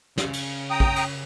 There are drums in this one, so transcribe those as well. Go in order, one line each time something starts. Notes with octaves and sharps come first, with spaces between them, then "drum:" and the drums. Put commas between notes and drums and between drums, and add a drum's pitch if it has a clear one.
C#3, drum: snare
drum: cymbal
G5 A#5 D#6
drum: kick
drum: cymbal